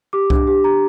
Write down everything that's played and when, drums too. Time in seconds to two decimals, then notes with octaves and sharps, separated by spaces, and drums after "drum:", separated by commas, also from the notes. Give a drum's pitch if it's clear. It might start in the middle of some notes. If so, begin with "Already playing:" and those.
0.13 G4 D6
0.30 D4, drum: kick C2
0.47 G4
0.64 G4 A#5